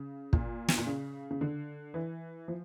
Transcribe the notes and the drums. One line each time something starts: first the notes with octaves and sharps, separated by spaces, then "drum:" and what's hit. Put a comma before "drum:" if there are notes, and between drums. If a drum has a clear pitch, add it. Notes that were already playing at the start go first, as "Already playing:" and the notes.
Already playing: C#3
A#2, drum: kick
drum: snare
A#2
C#3
C#3
D3
E3
F3